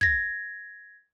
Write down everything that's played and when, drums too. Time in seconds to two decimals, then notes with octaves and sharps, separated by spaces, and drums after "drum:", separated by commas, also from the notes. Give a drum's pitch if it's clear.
0.01 G#6 A#6, drum: kick